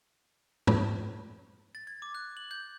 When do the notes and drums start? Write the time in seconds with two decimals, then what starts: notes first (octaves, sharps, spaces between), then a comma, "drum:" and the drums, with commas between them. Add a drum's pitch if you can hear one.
0.67 drum: tom
1.75 A6
1.87 G#6
2.02 D6
2.15 F#6
2.37 F#7
2.51 G6